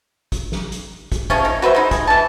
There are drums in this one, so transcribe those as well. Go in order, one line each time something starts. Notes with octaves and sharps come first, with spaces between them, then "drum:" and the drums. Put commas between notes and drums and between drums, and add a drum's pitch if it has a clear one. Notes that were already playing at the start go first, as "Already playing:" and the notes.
drum: kick, hi-hat
drum: snare
drum: hi-hat
drum: kick, hi-hat
C3 F3 C#4 G#4, drum: kick
D#3
F#4 B4 C5 E5
G#3 D#4
G#4, drum: kick, hi-hat
E3 A5